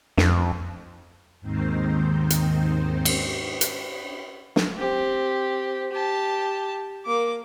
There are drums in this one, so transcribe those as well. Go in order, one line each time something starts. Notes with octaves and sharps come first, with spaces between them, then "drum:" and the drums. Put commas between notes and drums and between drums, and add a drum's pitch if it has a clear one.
F2, drum: snare
D#2 G#2 D#3 C4 D#4 C5
drum: hi-hat
drum: cymbal
drum: hi-hat
drum: snare
C4 G4
G4 A5
A#3 D6